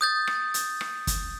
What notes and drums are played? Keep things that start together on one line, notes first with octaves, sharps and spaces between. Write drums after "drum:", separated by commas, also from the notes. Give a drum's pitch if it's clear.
D#6 G6 A6
drum: rim click
drum: hi-hat
drum: rim click
drum: kick, hi-hat